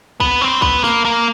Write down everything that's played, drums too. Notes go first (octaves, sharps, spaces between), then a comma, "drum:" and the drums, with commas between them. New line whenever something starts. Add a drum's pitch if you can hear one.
B3, drum: kick
C4
B3, drum: kick
A#3, drum: snare
A#3